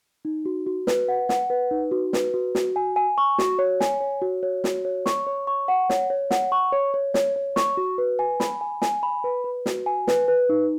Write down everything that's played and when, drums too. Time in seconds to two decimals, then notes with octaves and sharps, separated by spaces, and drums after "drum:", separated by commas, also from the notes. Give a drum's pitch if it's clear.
0.25 D#4
0.45 F#4
0.67 F#4
0.87 B4, drum: snare
1.08 F#5
1.29 F#5, drum: snare
1.50 B4
1.71 D#4
1.91 F#4
2.13 B4, drum: snare
2.34 F#4
2.55 F#4, drum: snare
2.76 G#5
2.96 G#5
3.18 C#6
3.39 F#4, drum: snare
3.59 C#5
3.81 G#5, drum: snare
4.01 C#5
4.21 F#4
4.43 C#5
4.64 F#4, drum: snare
4.85 C#5
5.06 C#6, drum: snare
5.27 C#5
5.47 C#6
5.68 F#5
5.90 C#5, drum: snare
6.10 C#5
6.31 F#5, drum: snare
6.52 C#6
6.73 C#5
6.94 C#5
7.14 C#5, drum: snare
7.36 C#5
7.56 C#6, drum: snare
7.77 F#4
7.98 B4
8.19 G#5
8.40 B5, drum: snare
8.61 G#5
8.82 G#5, drum: snare
9.03 B5
9.24 B4
9.44 B4
9.66 F#4, drum: snare
9.86 G#5
10.07 B4, drum: snare
10.28 B4
10.49 D#4